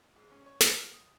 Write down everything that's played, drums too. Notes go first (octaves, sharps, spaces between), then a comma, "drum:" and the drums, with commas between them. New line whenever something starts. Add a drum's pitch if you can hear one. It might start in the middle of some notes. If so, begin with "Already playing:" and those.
G#2
C#4
C#5
F5, drum: snare
F6
D#6